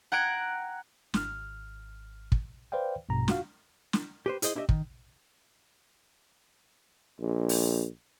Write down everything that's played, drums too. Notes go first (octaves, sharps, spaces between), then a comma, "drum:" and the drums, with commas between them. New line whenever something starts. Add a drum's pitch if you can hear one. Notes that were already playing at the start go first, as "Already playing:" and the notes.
F#5 G5 A#5 F#6 G#6 D7
G#1 F6, drum: snare
drum: kick
B4 C5 D5 F5 G5
A#1 G2 B2 A#5
F4 F#4 F5, drum: snare
drum: snare
G4 B4 C5
E4 G#4 C5 D#5, drum: hi-hat
D4 E4 G4 C5 D#5 E5
D#3, drum: kick
A#1
drum: open hi-hat